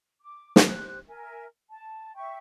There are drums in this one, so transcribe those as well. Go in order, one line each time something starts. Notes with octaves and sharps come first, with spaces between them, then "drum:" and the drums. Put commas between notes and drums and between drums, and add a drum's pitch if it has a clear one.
D6
drum: snare
G4 C5 F#6
A#4 E5 G#5
A5
E5 G5 C#6